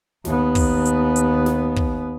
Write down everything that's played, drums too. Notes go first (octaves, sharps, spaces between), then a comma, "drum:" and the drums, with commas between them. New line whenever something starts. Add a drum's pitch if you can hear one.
D#2 B3, drum: snare
drum: kick, open hi-hat
drum: hi-hat
drum: hi-hat
drum: snare
drum: kick